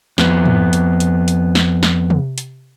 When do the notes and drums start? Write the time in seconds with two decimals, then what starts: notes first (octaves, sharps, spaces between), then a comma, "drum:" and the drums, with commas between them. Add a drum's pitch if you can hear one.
0.18 F2 B3, drum: snare
0.45 drum: tom G#2
0.73 drum: hi-hat
1.00 drum: hi-hat
1.28 drum: hi-hat
1.55 drum: snare
1.83 drum: snare
2.10 drum: tom C3
2.38 drum: hi-hat